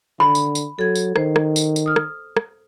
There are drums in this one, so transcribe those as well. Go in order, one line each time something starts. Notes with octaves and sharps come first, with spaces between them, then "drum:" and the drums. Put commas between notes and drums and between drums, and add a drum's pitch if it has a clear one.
D3 B5
drum: tambourine
drum: tambourine
F#3 A4 G#6
drum: tambourine
D#3 C5, drum: rim click
drum: rim click
drum: tambourine
drum: tambourine
D#6 F6
drum: rim click
drum: rim click